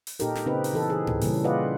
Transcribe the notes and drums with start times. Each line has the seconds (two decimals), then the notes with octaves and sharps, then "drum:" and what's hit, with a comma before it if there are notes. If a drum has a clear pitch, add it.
0.07 drum: open hi-hat
0.20 A#2 D#4 G4 A4 A#4, drum: hi-hat
0.35 drum: snare
0.46 C#3 C4 D#4 G4 B4
0.64 drum: open hi-hat
0.74 E3 A4
0.89 E3 G#4
1.07 drum: tom G#2
1.21 A#2 C#3 E3 G3 C#4, drum: open hi-hat
1.44 F4 G4 B4 D5 D#5 F#5